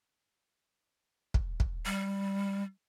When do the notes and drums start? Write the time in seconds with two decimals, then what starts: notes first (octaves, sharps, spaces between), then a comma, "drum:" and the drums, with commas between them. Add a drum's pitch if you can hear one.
1.34 drum: kick
1.60 drum: kick
1.85 G3